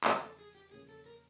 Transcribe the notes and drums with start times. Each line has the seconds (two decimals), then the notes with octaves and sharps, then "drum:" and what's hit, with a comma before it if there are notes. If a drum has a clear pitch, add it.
0.04 E2 C#3 F3 A#3 C#4 A#4, drum: clap
0.21 A4
0.39 G#4
0.55 G4
0.71 E2 C#3 F3 A#3 C#4 G#4
0.89 A4
1.06 A#4